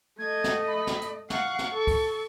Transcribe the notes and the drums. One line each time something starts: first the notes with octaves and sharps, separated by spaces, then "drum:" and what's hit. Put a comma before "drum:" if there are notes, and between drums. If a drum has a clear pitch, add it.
A3 D#5 G#6
drum: snare
B5
drum: snare
drum: hi-hat
F5 F#5 C#6, drum: snare
drum: snare
A4
drum: kick, open hi-hat